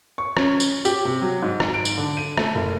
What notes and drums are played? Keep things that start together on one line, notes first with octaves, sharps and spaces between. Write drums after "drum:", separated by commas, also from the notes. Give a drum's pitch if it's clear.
C#6
C#4, drum: rim click
drum: tambourine
G4, drum: tambourine
C3
F#3
G#2
drum: rim click
D7
drum: tambourine
D3
D#7
A3, drum: rim click
F#1